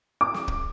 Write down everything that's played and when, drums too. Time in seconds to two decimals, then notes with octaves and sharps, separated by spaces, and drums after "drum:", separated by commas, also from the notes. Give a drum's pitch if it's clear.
0.21 D6
0.34 drum: snare
0.48 drum: kick